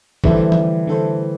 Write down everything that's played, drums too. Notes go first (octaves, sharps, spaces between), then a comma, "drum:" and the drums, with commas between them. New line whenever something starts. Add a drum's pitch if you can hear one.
D3 E3 G3 A3 E4 A4 C5, drum: kick G#1
drum: tom E3
D3 A3 E4 A4 C5